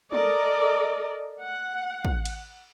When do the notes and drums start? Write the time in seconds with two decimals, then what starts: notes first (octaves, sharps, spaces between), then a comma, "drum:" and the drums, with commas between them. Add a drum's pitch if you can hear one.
0.12 A4 A#4 D5 D#5, drum: tom
1.42 F#5
2.05 drum: kick
2.25 drum: cymbal